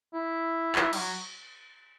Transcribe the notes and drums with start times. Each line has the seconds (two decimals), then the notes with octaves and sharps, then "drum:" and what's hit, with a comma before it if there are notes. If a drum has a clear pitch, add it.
0.14 E4
0.75 F#4, drum: clap
0.81 E4
0.93 G3, drum: cymbal
0.97 F#3